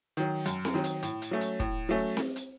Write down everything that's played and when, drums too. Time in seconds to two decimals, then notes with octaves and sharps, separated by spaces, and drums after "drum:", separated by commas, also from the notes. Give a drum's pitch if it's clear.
0.17 D#3 F#3
0.46 F#2, drum: hi-hat
0.65 drum: snare C4
0.74 D#3 F#3
0.84 drum: hi-hat
1.03 A2, drum: hi-hat
1.22 drum: hi-hat
1.31 F#3 A3 C#4
1.41 drum: hi-hat
1.60 A2, drum: kick
1.89 F#3 A3 C#4
2.17 drum: snare C4
2.36 drum: hi-hat